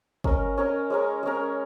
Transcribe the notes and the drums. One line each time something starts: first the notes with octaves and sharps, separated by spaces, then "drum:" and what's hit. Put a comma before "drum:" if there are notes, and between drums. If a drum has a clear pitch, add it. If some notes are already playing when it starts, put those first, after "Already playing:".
C#4 A#4 D#5, drum: kick G1
C#4 A#4 D#5
G#3 C#4 A#4
G#3 C#4 A#4